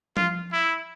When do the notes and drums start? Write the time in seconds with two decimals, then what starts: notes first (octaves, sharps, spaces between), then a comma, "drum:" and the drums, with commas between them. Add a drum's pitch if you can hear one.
0.17 F4, drum: tom F3
0.53 E4